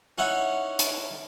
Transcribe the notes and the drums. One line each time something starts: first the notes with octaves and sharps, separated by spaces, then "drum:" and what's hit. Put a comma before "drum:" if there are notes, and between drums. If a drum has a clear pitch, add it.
C#4 D#4 E4 C#5 F#5
drum: hi-hat